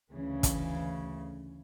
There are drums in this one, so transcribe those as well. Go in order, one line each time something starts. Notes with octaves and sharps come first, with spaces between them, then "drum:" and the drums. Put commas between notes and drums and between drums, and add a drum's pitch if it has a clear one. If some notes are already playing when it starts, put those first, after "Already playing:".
D2 C#3 E3
drum: kick, hi-hat